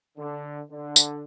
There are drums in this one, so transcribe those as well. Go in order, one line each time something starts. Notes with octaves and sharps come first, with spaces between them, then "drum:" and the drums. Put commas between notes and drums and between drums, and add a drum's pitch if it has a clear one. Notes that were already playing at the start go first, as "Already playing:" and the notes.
D3
D3
drum: tambourine